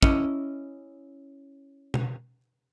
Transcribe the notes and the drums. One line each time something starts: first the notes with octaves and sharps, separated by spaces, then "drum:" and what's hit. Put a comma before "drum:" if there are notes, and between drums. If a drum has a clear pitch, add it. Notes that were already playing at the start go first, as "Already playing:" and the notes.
C#4 E4 D#5, drum: kick
drum: tom B2